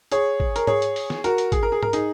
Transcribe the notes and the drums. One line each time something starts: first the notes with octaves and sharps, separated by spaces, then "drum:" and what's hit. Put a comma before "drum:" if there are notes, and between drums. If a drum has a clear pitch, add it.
G#4 C#5, drum: hi-hat
drum: kick G#1
A#4, drum: hi-hat
G#4 C#5, drum: tom G#2
drum: hi-hat
drum: open hi-hat
drum: snare
F#4 A#4, drum: hi-hat
drum: hi-hat
G#4, drum: kick G#1, hi-hat
A#4
G#4
A#4, drum: tom G#2
D#4 G#4, drum: hi-hat